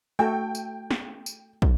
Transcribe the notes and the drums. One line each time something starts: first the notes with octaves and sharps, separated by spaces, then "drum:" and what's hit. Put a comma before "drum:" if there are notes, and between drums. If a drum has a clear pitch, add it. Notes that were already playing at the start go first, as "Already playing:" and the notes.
A3 F#4 A4 G5
drum: tambourine
drum: snare
drum: tambourine
drum: kick